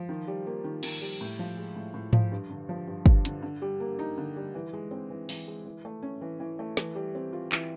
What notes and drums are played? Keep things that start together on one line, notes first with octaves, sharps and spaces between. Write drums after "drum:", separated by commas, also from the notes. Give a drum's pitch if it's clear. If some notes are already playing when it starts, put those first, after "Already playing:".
Already playing: F3
D#3
G3
A#3
D#3
D#3, drum: cymbal
G3
A2
F3
G#3
A2
A2
F3, drum: tom G#2
G2
D3
F3
G2
G2, drum: kick
D3, drum: hi-hat
D3
G3
A#3
D#4
D3
G3
E3
G#3
C4
E3
E3, drum: open hi-hat
G#3
E3
A3
C#4
E3
E3
A3
E3, drum: snare
G3
C4
F4
E3, drum: clap